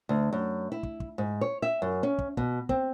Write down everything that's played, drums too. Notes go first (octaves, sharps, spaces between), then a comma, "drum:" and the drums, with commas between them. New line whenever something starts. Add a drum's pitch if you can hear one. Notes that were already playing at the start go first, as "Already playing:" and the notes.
D2
F#2
E4
drum: kick
drum: kick
G#2
C#5
E5
F#2
C#4
drum: kick
B2, drum: kick
C4, drum: kick